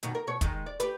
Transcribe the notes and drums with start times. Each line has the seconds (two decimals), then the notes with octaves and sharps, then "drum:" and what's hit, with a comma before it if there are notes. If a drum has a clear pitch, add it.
0.03 F#2 B2 D#3, drum: hi-hat
0.15 A#4
0.27 B2 C#5
0.41 D#3 G#3, drum: kick, hi-hat
0.66 D5
0.80 G4 B4, drum: hi-hat